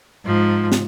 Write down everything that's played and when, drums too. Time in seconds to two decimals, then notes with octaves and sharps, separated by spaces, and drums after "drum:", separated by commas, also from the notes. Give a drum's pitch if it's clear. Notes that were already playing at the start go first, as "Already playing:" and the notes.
0.24 G#2 F3
0.72 drum: snare